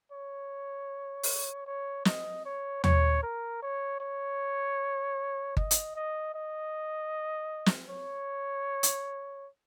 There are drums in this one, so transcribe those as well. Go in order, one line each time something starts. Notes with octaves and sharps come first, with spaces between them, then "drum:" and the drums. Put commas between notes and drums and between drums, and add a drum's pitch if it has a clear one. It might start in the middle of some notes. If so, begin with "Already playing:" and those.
C#5
drum: open hi-hat
C#5
D#5, drum: snare
C#5
C#5, drum: tom
A#4
C#5
C#5
D#5, drum: kick G1
drum: hi-hat
D#5
D#5
drum: snare
C#5
drum: hi-hat